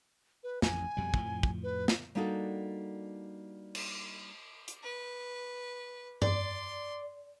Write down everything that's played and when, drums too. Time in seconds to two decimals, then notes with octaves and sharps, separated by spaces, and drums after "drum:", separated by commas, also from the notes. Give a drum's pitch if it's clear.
0.44 B4
0.62 A1 F2 G#5, drum: snare
0.97 F2 B2 G3
1.14 F2 A2 F3, drum: kick
1.43 drum: kick
1.63 B4
1.88 drum: snare
2.15 G3 A#3 D4 D#4 F#4 A4
3.75 drum: cymbal
4.68 drum: hi-hat
4.83 B4
6.22 D5 C6, drum: tom G2